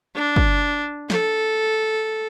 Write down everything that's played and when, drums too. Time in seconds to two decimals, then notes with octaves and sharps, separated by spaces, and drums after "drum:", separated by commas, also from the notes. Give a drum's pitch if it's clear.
0.15 D4
0.36 drum: kick
1.10 A4, drum: snare